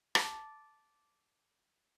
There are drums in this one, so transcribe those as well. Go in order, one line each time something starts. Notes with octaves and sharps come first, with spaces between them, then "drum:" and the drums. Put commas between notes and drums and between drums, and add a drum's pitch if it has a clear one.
A5 D6, drum: rim click